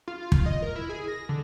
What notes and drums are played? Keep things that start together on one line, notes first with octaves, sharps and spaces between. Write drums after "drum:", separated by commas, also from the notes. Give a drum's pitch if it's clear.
F4
F4
drum: kick
D#5
A#4
E4
G#4
A#6
D3